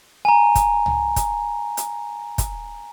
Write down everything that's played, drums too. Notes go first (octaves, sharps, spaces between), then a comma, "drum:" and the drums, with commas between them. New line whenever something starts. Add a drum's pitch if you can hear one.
G#5 A#5
drum: kick, hi-hat
drum: tom C2
drum: kick, hi-hat
drum: hi-hat
drum: kick, hi-hat